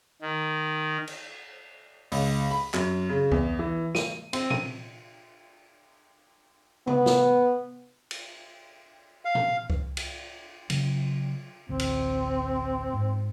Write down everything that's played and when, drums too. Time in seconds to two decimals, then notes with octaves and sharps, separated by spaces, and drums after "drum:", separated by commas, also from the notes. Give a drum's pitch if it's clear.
0.21 D#3
1.07 drum: cymbal
2.12 C#2, drum: open hi-hat
2.51 B5
2.74 F#2, drum: clap
3.09 C#3
3.32 E2, drum: kick C2
3.59 E3
3.95 D#7, drum: snare
4.33 C4, drum: cymbal
4.50 D#7, drum: tom A#2
6.87 B3, drum: tom C3
7.06 drum: snare
8.11 drum: cymbal
9.25 F5
9.35 drum: tom A#2
9.70 drum: kick C2
9.97 drum: cymbal
10.70 C#3 F#3, drum: cymbal
11.69 A1 D2 C4
11.80 drum: cymbal
12.93 G#2